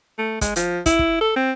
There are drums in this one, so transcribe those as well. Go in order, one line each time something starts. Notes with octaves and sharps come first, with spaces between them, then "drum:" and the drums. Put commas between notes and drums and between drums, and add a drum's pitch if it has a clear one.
A3
G#3, drum: kick, hi-hat
F3, drum: hi-hat
E4, drum: kick, hi-hat
drum: kick
A4
C4